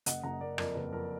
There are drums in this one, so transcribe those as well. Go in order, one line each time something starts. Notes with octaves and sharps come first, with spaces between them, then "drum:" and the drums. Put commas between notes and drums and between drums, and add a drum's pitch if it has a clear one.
F#1 D#5 F#5, drum: hi-hat
F#1 F#5 A#5
F#1 A#4 D5
F2 A#4 D5, drum: rim click
F#1 B4
F2 A#4